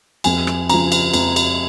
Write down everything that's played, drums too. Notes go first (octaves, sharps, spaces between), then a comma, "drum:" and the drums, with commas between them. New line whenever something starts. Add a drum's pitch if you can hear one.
F2 G#5, drum: cymbal
drum: rim click
C#3 F3 A#5, drum: cymbal
drum: cymbal
F2, drum: cymbal
drum: cymbal